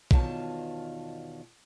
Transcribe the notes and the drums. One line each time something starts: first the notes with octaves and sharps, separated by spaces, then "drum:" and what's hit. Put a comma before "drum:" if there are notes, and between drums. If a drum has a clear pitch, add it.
E2 B2 D#3 F4 C#5 A5, drum: kick